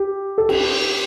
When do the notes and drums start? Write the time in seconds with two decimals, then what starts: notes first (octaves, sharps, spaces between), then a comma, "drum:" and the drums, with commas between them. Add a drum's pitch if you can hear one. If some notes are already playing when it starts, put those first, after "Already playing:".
Already playing: G4
0.38 A4
0.49 G4, drum: cymbal